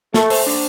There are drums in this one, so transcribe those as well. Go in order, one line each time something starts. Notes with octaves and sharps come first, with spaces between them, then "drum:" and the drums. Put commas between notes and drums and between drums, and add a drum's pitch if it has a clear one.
A3 A4, drum: snare
C5, drum: open hi-hat
D4